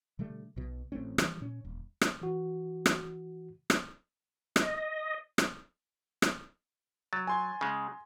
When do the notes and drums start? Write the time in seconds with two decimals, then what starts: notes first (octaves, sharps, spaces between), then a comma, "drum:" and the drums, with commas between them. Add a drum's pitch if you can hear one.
0.19 B2 D3 G3 A3
0.56 B1 B2
0.92 A1 A3 C4 C#4
1.18 E3 F3 G3, drum: rim click
1.41 A#2 C#4
1.65 D#1
2.01 drum: rim click
2.21 E3 F#4
2.86 drum: rim click
3.70 drum: rim click
4.56 D#5, drum: rim click
5.38 drum: rim click
6.22 drum: rim click
7.13 F#3 A6
7.27 G#5 C6 G#6
7.61 C#3 G#3